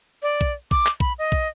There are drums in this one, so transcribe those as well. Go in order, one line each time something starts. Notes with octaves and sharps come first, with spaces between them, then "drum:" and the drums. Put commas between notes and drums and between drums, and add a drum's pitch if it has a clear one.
D5
drum: kick
D6, drum: kick
drum: clap
B5, drum: kick
D#5
drum: kick